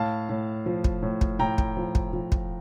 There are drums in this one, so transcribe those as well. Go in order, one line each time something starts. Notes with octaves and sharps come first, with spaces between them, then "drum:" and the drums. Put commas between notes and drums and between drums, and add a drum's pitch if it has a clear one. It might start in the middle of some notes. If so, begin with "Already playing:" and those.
Already playing: A2 F5 A5
A2
F3
drum: kick
A2
drum: kick
A2 G5 A#5
drum: kick
F3
drum: kick
F3
drum: kick